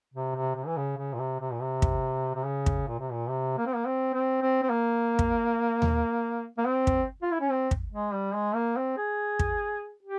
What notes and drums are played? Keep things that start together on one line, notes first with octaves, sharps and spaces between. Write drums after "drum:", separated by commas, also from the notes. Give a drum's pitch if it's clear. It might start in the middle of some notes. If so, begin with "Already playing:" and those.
C3
C3
C3
E3
C#3
C#3
A#2
C3
C3
A#2
C3
drum: kick
C3
C#3
drum: kick
A#2
C3
A#2
C3
A#3
C4
A#3
C4
C4
C4
C4
A#3
drum: kick
drum: tom D#2
A#3
C4
drum: kick
F4
E4
C#4
C4
drum: kick
G#3
G3
G#3
A#3
C4
G#4
drum: kick
G4